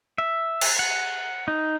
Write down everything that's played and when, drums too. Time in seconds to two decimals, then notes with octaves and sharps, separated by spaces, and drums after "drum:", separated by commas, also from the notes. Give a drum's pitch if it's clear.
0.18 E5
0.61 drum: cymbal
0.79 F#5
1.48 D#4